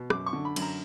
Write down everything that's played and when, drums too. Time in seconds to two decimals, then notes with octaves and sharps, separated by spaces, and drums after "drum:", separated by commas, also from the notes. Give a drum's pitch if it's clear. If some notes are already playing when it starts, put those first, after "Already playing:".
Already playing: B2
0.10 F#2 D6, drum: rim click
0.26 C#6
0.33 D3
0.45 B5
0.56 F#2, drum: cymbal
0.62 A#5